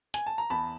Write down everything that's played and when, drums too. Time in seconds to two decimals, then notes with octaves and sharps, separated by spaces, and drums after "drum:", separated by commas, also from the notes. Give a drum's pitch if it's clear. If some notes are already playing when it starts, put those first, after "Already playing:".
0.14 G#5, drum: hi-hat
0.27 A5
0.38 A#5
0.50 E2 A5 B5